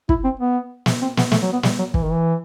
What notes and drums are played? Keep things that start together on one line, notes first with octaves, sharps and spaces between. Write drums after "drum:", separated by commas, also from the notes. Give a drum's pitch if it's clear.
E4, drum: kick
C4
B3
drum: snare
C4
B3, drum: snare
A3, drum: snare
F#3
B3
G3, drum: snare
F#3
E3, drum: kick
D#3
E3